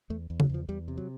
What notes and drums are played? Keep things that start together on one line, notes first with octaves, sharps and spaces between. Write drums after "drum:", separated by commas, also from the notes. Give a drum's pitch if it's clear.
E2 A3
E2
F#3, drum: tom C#3
E2 F3
E2 G3
C3
F#3